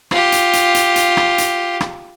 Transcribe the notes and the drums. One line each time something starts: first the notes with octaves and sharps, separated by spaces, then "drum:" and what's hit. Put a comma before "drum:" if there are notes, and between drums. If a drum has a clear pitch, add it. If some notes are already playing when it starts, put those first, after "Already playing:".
F4 G4, drum: rim click
drum: hi-hat
drum: hi-hat
drum: hi-hat
drum: hi-hat
drum: rim click
drum: hi-hat
drum: rim click